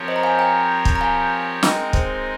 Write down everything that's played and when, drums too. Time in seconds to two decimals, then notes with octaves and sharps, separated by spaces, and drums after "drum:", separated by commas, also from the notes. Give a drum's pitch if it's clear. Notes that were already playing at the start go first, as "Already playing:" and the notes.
Already playing: F3 C4 G4 A#4 C#5
0.08 C5 D#5
0.16 A#5
0.23 F5 G#5
0.39 G5 A#5
0.85 drum: kick
0.96 A#5
1.01 F5 G#5
1.63 G#3 C4 D#4 A#4 D#5 G5, drum: snare
1.93 G#4 C5, drum: kick